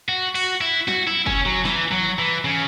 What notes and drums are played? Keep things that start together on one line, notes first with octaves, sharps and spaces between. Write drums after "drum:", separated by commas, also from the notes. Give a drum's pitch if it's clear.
F#4
F#4, drum: cymbal
E4
F#4, drum: snare
E4
C#4, drum: kick
F#3
E3, drum: snare
F#3
E3
C#3